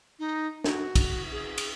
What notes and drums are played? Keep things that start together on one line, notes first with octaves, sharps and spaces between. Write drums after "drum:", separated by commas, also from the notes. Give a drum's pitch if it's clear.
D#4
F#4, drum: snare
drum: kick, cymbal
G#4
drum: cymbal